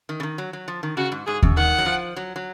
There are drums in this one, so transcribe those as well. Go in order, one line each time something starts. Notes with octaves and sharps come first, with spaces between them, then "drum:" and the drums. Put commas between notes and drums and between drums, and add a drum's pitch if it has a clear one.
D#3
C#3
D#3
F#3
F#3
F3
D#3
C#3 F#4
G#2
G#2 G#4
F#2, drum: kick D#2
D#3 F#5
F#3
F3
F#3
F#3